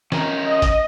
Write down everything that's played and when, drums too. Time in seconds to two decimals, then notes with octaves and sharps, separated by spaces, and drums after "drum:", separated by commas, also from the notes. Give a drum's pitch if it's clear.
0.12 D#3 C#4 D#4, drum: snare
0.46 D#5
0.62 drum: kick G#1, hi-hat